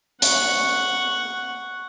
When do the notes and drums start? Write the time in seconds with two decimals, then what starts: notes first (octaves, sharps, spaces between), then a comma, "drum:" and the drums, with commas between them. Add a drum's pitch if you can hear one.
0.22 F#5 C#6, drum: hi-hat